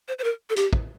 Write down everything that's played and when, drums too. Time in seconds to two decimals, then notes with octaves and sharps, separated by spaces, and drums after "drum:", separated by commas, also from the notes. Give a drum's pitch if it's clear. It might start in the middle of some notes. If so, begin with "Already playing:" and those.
0.08 C5
0.19 C5
0.24 A#4
0.50 A4
0.56 G4, drum: hi-hat
0.73 drum: kick